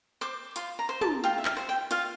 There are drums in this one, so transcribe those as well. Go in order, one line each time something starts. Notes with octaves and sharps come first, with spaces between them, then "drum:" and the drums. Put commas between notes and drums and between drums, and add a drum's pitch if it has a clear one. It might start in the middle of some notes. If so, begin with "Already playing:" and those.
C5 D6
F4 C6, drum: hi-hat
A#5
C5
A5, drum: tom
F4 G5
E5
F5, drum: clap
C5
G5
F4 F5, drum: hi-hat